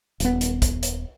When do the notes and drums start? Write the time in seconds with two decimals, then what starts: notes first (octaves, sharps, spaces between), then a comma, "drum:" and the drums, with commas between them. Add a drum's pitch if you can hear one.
0.20 D#1 B3, drum: hi-hat
0.41 drum: hi-hat
0.62 drum: kick, hi-hat
0.83 drum: hi-hat